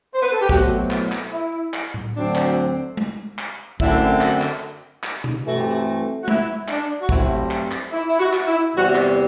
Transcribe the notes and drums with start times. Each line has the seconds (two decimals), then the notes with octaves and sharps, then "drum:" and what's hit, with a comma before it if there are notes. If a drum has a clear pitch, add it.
0.14 C5
0.22 B4
0.32 A4
0.41 G4
0.49 B2 F#3 A3 C4 F#4, drum: kick
0.91 E4, drum: clap
1.12 drum: clap
1.32 E4
1.74 drum: clap
1.94 drum: tom A2
2.14 D2 D3 F#3 C4 D4
2.36 drum: clap
2.97 drum: tom G#3
3.39 drum: clap
3.80 F#2 D3 A3 C4 E4, drum: kick
4.21 F#4, drum: clap
4.42 drum: clap
5.03 drum: clap
5.24 drum: tom B2
5.45 G2 E3 A3 C4 F#4
5.57 G4
5.68 F#4
5.86 F#4
6.23 F#4
6.28 E4, drum: tom G#3
6.68 D4, drum: clap
7.01 F#4
7.09 G2 F#3 A3 C4 E4, drum: kick
7.51 drum: clap
7.71 drum: clap
7.92 E4
8.09 E4
8.19 F#4
8.33 drum: clap
8.46 E4
8.74 E2 C3 G3 F#4
8.95 drum: clap